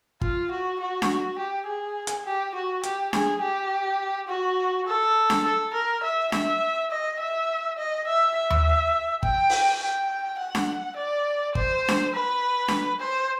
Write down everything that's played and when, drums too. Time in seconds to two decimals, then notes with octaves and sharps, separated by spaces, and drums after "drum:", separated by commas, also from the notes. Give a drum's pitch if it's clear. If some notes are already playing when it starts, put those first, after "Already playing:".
0.21 F4, drum: kick
0.51 F#4
0.81 F#4
1.02 drum: snare D4
1.39 G4
1.67 G#4
2.07 drum: hi-hat
2.25 G4
2.55 F#4
2.83 G4, drum: hi-hat
3.13 G#4, drum: snare D4
3.41 G4
4.28 F#4
4.87 A4
5.30 drum: snare D4
5.45 A4
5.74 A#4
6.03 E5
6.32 E5, drum: snare D4
6.91 D#5
7.19 E5
7.78 D#5
8.07 E5
8.36 E5
8.50 drum: tom D#2
9.23 G5, drum: kick
9.50 drum: open hi-hat
9.81 G5
10.39 F#5
10.55 drum: snare D4
10.97 D5
11.55 C5, drum: kick
11.88 drum: snare D4
12.14 B4
12.68 drum: snare D4
13.00 C5